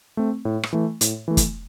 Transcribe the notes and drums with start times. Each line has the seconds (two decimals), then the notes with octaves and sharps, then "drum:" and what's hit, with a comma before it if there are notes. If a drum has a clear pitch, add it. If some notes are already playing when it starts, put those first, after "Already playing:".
0.17 A3 C4
0.45 A2
0.63 drum: rim click
0.73 E3 A3
1.01 A2, drum: hi-hat
1.28 E3 A3
1.37 drum: kick, hi-hat